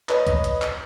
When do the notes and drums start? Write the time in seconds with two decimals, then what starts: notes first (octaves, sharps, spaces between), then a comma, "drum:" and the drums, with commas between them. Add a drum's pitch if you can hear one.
0.09 B4 C#5 D#5, drum: clap
0.27 drum: kick B1, hi-hat
0.44 drum: hi-hat
0.62 drum: clap